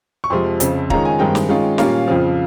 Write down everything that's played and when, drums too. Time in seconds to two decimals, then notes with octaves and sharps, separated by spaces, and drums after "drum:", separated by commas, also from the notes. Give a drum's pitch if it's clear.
0.24 C#6
0.30 F2 C3 F3 G#3 C6
0.60 F2 C#3 F3, drum: hi-hat
0.90 D#3 G#3 C#4 F4 A#5, drum: kick
1.05 G#5
1.19 G2 D#3 G#3 C4 D#4 G5
1.35 drum: snare
1.49 D#3 G#3 C#4 F4
1.78 A#2 G3 A#3 C#4 F4 F5, drum: snare
2.08 F2 C#3 F3